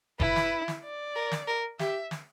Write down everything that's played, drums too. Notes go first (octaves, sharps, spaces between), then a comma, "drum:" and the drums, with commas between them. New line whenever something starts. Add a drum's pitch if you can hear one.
E4 B4, drum: kick F#1
drum: snare
drum: snare
D5
A#4
drum: snare
A#4
G4 E5, drum: snare
drum: snare